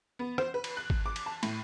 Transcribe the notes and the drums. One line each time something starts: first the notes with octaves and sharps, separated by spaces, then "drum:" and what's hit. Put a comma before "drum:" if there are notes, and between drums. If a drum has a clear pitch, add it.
B3
C5, drum: rim click
B4
drum: cymbal
F#6
drum: kick G#1
D6
drum: cymbal
A5
A2, drum: cymbal